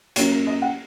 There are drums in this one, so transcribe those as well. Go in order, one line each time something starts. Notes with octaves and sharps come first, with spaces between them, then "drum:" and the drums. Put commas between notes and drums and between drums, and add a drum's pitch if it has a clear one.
F#2 F#3 A#3 C#4 C#5, drum: hi-hat
A#4
D#5
F#5